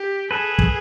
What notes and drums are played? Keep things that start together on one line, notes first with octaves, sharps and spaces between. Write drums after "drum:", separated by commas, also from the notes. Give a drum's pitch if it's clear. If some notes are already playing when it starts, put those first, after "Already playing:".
Already playing: G4
G#4 A4 B4
drum: kick